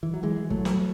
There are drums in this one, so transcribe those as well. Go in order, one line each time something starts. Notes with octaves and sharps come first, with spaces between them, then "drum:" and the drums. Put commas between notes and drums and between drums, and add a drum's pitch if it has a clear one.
E3
F#3
E3 G#3
F#3 A3, drum: kick
drum: snare